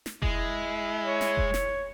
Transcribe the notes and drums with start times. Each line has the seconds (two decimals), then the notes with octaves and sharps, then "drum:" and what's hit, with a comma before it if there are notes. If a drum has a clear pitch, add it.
0.06 drum: snare
0.22 G#3 E4, drum: kick F1
1.04 C#5
1.21 drum: snare
1.37 drum: kick F1
1.54 drum: snare